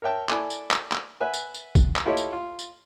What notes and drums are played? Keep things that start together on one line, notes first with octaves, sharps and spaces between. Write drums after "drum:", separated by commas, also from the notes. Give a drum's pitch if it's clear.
A#4 C#5 E5 G5 A5
E4 A4 D5 G#5 B5 D6, drum: clap
drum: tambourine
drum: clap
drum: clap
B4 E5 F#5 G#5
drum: tambourine
drum: tambourine
drum: kick, tambourine
drum: clap
E4 F4 G4 A4 C#5 D#5
drum: tambourine
F4
drum: tambourine